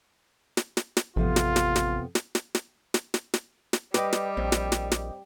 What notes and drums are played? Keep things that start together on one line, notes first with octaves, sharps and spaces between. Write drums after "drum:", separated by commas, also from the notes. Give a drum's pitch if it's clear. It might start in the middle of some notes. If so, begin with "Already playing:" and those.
drum: snare
drum: snare
drum: snare
A1 F2 C3 B3 F4
drum: snare
drum: snare
drum: snare
drum: snare
drum: snare
drum: snare
drum: snare
drum: snare
drum: snare
drum: snare
G3 B4 D#5 G5 D6, drum: snare
drum: snare
A#1 C4
drum: snare
drum: snare
drum: snare